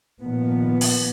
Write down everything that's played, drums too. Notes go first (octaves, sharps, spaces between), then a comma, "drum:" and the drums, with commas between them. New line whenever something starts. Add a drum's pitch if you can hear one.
A#2 D#3 F3 B3
drum: open hi-hat